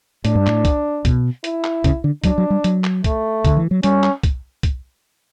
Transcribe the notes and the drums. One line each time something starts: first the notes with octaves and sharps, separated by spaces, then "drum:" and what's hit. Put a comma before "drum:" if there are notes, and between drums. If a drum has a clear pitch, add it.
A2 D4, drum: hi-hat
G2
A2, drum: clap
drum: kick C2, hi-hat
B2, drum: kick C2, hi-hat
E4, drum: hi-hat
drum: clap
C#3, drum: kick C2, hi-hat
D3
F#3 D4, drum: kick C2, hi-hat
F#3
G3
F#3, drum: hi-hat
drum: clap
A3, drum: kick C2, hi-hat
D3, drum: kick C2, hi-hat
E3
F#3
G3 C#4, drum: hi-hat
drum: clap
drum: kick C2, hi-hat
drum: kick C2, hi-hat